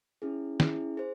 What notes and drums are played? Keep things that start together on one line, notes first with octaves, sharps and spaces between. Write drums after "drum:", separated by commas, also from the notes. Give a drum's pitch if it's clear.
C#4 E4 G#4
C#4 E4 G#4, drum: snare
G#4 C5